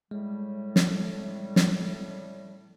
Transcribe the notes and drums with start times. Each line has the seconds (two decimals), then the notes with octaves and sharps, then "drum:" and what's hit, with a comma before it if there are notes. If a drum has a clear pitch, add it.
0.11 A2 G3 G#3
0.76 drum: snare
1.56 drum: snare